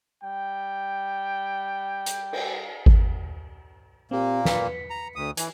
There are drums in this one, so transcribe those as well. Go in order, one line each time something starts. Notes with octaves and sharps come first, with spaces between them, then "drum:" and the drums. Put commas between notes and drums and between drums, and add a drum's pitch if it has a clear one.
G3 G5
drum: hi-hat
drum: cymbal
drum: kick G#1
A#2 A#3 C4 G4
B4 B6 C#7, drum: snare
A#5
D2 D#6
E3 G#5, drum: hi-hat